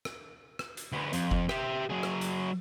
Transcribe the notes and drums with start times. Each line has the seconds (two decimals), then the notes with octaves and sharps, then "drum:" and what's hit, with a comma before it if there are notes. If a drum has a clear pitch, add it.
0.05 drum: rim click
0.59 drum: rim click
0.77 drum: hi-hat
0.92 D2 B3
1.13 F2, drum: hi-hat
1.31 drum: kick F#1
1.49 G4 E5, drum: rim click
1.90 F#3 G#4
2.03 drum: rim click
2.21 drum: hi-hat